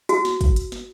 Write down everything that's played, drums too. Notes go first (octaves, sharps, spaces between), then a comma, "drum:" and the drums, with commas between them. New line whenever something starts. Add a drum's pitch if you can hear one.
F#4, drum: hi-hat
drum: snare
drum: kick, hi-hat
drum: hi-hat
drum: snare